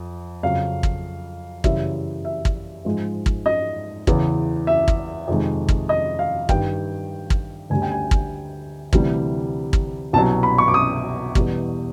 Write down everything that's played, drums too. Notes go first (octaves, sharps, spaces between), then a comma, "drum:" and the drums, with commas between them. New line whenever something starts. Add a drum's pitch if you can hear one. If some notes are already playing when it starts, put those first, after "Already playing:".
Already playing: F2
F2 C#3 F#3 F5
drum: kick
F#2 C#3 E3 G3 E5, drum: kick
E5
drum: kick
G#2 F3 G#3
drum: kick
D#5
E2 C#3 E3, drum: kick
E5
drum: kick
F2 C3 D#3 G#3
drum: kick
D#5
F5
G2 D#3 G3 G5, drum: kick
drum: kick
D2 D3 G3 G#5
G5
G#5
drum: kick
D2 C3 E3 G3, drum: kick
drum: kick
C2 B2 F#3 A5
B5
C#6
D6
D#6
E2 B2 G3, drum: kick